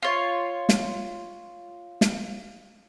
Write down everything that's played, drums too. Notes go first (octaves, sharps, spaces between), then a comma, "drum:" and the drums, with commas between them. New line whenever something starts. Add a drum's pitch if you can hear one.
F4 C#5
drum: snare
drum: snare